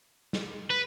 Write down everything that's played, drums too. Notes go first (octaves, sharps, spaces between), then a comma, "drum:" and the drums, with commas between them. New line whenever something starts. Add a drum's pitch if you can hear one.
drum: snare
B4